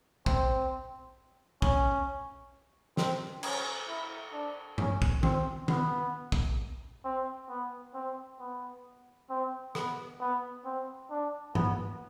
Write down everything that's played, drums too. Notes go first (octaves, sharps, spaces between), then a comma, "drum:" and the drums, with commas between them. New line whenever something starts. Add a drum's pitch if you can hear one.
C4, drum: kick
C#4, drum: kick
C4, drum: snare
C#4, drum: cymbal
E4
D4
C#4, drum: tom G2
drum: kick
C4, drum: tom D#3
B3, drum: tom D#3
drum: kick
C4
B3
C4
B3
C4
B3, drum: rim click
B3
C4
D4
B3, drum: tom G2